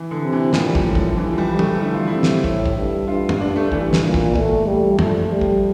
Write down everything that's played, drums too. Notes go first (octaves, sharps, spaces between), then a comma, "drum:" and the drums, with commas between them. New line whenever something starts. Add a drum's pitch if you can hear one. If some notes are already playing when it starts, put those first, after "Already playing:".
Already playing: E3
D3
C3
E3
A#2 G3, drum: snare
F3, drum: kick
A2
F3, drum: kick
G2 E3
F3
G3
G2
A3, drum: tom
D3 E4
F4
E4
C3
drum: snare
A2, drum: kick
drum: kick
G2
G2 F4
drum: tom
G2 D4
A3
G2 E3, drum: kick
drum: snare
A#2
drum: kick
A3, drum: kick
G3
F3 A3, drum: tom
G3
drum: kick